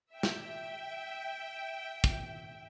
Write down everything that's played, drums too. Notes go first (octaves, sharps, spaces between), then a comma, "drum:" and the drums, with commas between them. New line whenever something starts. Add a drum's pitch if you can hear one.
E5 G5
drum: snare
drum: kick